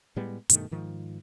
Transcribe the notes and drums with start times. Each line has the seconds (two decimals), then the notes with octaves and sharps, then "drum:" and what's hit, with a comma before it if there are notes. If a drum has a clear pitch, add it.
0.16 A2 G3 G#3 B3
0.49 G2 B2 D#3 A3, drum: hi-hat
0.71 G#2 D#3 F3